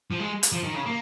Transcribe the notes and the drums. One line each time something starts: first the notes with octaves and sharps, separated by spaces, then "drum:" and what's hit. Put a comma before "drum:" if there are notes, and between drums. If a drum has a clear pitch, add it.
F3
G#3
drum: hi-hat
F3
D#3
C#3
A#3